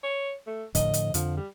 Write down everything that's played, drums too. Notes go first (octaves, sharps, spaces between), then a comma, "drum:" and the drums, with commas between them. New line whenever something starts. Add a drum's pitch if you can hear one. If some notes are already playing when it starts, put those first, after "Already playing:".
C#5
A3
A2 D3 F3 D#5, drum: kick, hi-hat
drum: hi-hat
F2 D3 F3, drum: hi-hat
G3